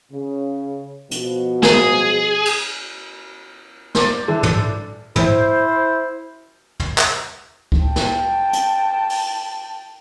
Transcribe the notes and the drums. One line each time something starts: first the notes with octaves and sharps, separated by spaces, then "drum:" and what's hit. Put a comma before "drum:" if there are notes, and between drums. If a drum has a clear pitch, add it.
C#3
B2 F3, drum: hi-hat
G#4, drum: snare
drum: cymbal
C5 D5, drum: snare
D3 E3 D4
drum: tom
E4 C5, drum: tom
drum: tom
drum: clap
drum: kick C#2
G5 A5
drum: snare
drum: hi-hat
drum: open hi-hat